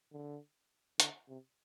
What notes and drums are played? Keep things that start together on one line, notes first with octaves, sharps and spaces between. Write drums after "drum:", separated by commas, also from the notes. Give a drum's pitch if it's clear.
D3
D3, drum: hi-hat
C3